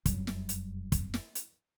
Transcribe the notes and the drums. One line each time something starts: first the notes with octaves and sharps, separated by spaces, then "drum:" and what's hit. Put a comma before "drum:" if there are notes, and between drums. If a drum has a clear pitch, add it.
F1 F#2 F#3 G3, drum: kick, hi-hat
drum: snare
drum: hi-hat
drum: kick, hi-hat
drum: snare
drum: hi-hat